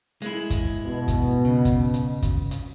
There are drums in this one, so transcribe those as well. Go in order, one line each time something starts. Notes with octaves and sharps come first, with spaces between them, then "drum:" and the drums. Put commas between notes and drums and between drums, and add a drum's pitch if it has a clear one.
G#3 E4, drum: hi-hat
drum: kick, hi-hat
B2
drum: kick, hi-hat
C#3
drum: kick, hi-hat
drum: hi-hat
drum: kick, hi-hat
drum: hi-hat